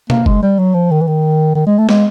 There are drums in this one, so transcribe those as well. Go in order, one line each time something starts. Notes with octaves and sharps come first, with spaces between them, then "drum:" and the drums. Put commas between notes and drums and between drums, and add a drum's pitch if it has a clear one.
A#3, drum: tom B2
G#3, drum: kick F#1
G3
F#3
F3
D#3
E3
D#3
D#3
G#3
A3
G#3, drum: snare